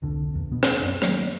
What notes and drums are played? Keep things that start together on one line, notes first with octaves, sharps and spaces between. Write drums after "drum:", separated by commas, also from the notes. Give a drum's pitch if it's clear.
E1 C2 D3
D#1 E2
B2 B3
drum: rim click
F#2
D#3 F#3 A3 A#3, drum: rim click